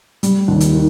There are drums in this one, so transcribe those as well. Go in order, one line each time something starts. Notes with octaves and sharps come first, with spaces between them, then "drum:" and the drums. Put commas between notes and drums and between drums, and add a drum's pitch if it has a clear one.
G3, drum: hi-hat
D#2
drum: hi-hat
D#3